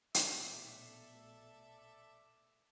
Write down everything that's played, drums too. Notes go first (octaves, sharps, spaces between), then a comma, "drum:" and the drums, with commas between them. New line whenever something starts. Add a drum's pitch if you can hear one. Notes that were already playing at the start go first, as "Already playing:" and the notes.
A#1 B2 A3 A4 D5 E5, drum: hi-hat